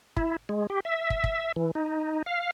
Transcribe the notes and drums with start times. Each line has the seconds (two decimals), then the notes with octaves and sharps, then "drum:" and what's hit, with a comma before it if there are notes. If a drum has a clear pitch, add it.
0.17 E4, drum: kick
0.49 G#3
0.70 G4
0.85 E5
1.10 drum: kick
1.24 drum: kick
1.56 E3
1.75 D#4
2.26 F5